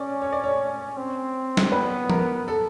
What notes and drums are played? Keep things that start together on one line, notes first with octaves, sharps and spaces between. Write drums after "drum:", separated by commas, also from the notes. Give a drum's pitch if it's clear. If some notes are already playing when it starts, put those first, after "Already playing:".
Already playing: C#4 D5
C#5
D5
C#5
C4
drum: snare
B3 B4
A#4, drum: tom F3
A4